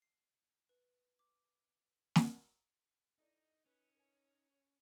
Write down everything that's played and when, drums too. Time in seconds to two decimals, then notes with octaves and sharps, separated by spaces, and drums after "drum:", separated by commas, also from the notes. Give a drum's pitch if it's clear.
0.02 C7
0.69 B4
1.19 D6
2.16 drum: snare
3.18 D#4 E4 A4 D5 D#5
3.66 C#4 B4
3.95 A#4 B4 C#5 G#5